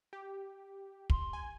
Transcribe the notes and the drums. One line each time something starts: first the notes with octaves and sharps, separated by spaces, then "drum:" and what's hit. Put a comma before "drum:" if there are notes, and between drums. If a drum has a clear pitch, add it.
G4
C6, drum: kick
G#5